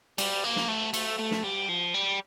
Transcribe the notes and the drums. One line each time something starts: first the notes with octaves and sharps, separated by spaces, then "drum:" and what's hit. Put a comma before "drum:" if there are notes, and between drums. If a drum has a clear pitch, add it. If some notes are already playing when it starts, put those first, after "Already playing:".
G3, drum: cymbal
A#3
drum: snare
A3
A3, drum: cymbal
A3
drum: snare
G3
F3
G3